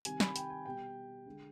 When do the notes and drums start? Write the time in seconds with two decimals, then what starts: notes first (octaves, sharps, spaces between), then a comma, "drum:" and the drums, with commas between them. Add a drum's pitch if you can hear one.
0.05 C3 D#3 G3 G#5, drum: hi-hat
0.20 B5, drum: snare
0.36 G5, drum: hi-hat
0.50 G#5
0.66 B2 G3 G5
1.26 D3 G#3